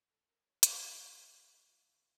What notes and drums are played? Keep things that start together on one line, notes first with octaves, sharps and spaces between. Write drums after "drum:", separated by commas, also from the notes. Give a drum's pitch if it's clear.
A4
A#4
C#5
G4, drum: hi-hat
F4
E4
E4
E5
F4 D#5
E4 E5
F4 F5
E4 F5